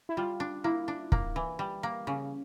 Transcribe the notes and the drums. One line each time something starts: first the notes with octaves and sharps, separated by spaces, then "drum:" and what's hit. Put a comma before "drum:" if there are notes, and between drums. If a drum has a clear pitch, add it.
E4
G3 F4
D4
A#3 E4
D4
A#3, drum: kick
E3
G3
A#3
C#3 C#4